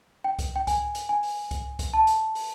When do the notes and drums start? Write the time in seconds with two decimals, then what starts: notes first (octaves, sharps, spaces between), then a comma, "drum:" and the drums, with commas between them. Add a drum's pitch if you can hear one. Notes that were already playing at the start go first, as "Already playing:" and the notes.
0.24 G5
0.39 drum: kick C2, hi-hat
0.56 G5
0.67 G#5, drum: kick C2, hi-hat
0.95 drum: hi-hat
1.09 G#5
1.23 drum: open hi-hat
1.51 drum: kick C2, hi-hat
1.79 drum: kick C2, hi-hat
1.94 A5
2.07 drum: hi-hat
2.35 drum: open hi-hat